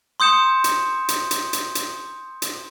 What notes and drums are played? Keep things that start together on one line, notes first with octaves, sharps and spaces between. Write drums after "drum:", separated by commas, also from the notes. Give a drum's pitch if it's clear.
C6 D#6 G6 C#7 E7
drum: hi-hat
drum: hi-hat
drum: hi-hat
drum: hi-hat
drum: hi-hat
drum: hi-hat